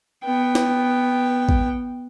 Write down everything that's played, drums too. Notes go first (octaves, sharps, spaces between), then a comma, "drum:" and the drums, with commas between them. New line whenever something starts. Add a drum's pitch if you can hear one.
B3 G5
drum: snare
drum: kick